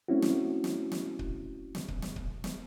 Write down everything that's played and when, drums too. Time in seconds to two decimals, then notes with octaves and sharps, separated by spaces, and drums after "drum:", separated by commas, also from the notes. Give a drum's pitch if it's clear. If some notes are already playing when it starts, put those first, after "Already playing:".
0.08 A3 C4 C#4 E4 F#4
0.22 drum: snare
0.64 drum: snare
0.92 drum: snare
1.19 drum: kick C#1
1.75 drum: snare
1.88 drum: kick C#1
2.02 drum: snare
2.16 drum: kick C#1
2.44 drum: snare